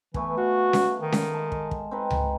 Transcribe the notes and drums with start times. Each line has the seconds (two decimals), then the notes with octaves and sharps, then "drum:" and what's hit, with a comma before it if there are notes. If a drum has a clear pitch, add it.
0.14 E3 A3 B3 G#5, drum: kick
0.37 F#4 F5
0.73 drum: snare C#4
1.01 D#3
1.12 drum: snare C#4
1.33 G#3 A5
1.52 drum: kick
1.71 drum: kick
1.91 C4 D#4 B4
2.11 drum: tom C#2